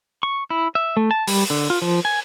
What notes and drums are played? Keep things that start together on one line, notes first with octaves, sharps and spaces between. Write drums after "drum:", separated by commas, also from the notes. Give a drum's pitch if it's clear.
C#6
E4
E5
A3
A5
G3, drum: open hi-hat
D3
F4
F3
G#5